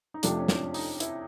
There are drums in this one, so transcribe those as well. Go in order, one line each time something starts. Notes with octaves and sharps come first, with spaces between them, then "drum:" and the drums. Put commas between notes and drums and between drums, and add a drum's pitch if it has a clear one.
D#4
F2 C3 F3 A3 D4, drum: hi-hat
C#4
D4, drum: snare
D#4, drum: open hi-hat
E4, drum: hi-hat